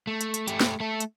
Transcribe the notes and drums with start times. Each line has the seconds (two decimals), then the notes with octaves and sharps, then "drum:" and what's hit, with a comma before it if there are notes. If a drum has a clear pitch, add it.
0.07 A3
0.21 drum: hi-hat
0.34 drum: hi-hat
0.48 A3 G4, drum: hi-hat
0.61 drum: snare
0.80 A3 A4
1.00 drum: hi-hat